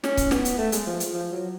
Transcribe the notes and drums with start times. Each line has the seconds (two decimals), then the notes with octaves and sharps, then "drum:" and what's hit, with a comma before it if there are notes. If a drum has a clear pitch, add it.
0.04 C#4, drum: snare
0.17 drum: kick C#1, hi-hat
0.31 B3, drum: snare
0.45 drum: hi-hat
0.58 A3
0.72 G#3, drum: hi-hat
0.87 F3
1.00 drum: hi-hat
1.14 F3
1.32 F#3